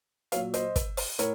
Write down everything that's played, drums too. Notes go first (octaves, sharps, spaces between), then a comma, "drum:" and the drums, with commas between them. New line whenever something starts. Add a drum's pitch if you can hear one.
A#2 F#3 C#5 F5, drum: hi-hat
C5 D#5, drum: hi-hat
drum: kick, hi-hat
drum: open hi-hat
A2 A#4 C#5, drum: hi-hat